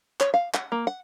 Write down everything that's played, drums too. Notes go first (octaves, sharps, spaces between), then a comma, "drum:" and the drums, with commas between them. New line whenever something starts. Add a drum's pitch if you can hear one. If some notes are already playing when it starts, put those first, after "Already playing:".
C#5, drum: clap
F5
F#5, drum: clap
A#3
F#5